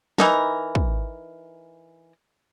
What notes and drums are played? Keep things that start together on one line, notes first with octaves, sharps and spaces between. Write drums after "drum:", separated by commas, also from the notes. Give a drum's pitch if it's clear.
E3 D#4 A#4, drum: snare
drum: kick